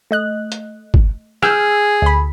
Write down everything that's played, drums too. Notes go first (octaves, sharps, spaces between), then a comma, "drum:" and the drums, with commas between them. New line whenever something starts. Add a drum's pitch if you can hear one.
A3 D#5 F#6
drum: hi-hat
drum: kick G1
G#4 E6 F6 G6, drum: rim click
D2 B5